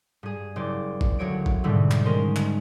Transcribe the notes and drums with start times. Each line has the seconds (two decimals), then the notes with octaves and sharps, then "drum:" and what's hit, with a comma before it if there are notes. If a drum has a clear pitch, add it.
0.23 G2 G#4
0.56 F#1 C5 D5
1.01 drum: kick
1.19 D2 F#3 C#5 D7
1.46 drum: kick
1.64 G#2 B2 D3 G3 C4 E4
1.91 drum: clap
2.05 D#3 G#3 C#4 A#4 C5
2.36 drum: clap